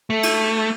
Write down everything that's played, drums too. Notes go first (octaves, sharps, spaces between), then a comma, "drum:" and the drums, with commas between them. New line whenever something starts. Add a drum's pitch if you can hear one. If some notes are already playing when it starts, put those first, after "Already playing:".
A3
drum: cymbal